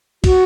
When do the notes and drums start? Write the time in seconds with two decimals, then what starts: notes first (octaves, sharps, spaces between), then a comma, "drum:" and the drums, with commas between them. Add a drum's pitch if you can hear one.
0.24 F#4, drum: kick, cymbal